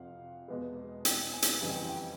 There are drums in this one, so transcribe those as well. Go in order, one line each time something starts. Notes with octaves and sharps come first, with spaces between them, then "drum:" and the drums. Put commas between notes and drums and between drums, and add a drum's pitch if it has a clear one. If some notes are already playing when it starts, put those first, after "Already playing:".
Already playing: F2 C3 F3 F5 F#5
E2 B2 G#3 B3
G5, drum: hi-hat
G#5
drum: hi-hat
F2 C#3 E3 G3 B3 G#5
G5
G#5
G5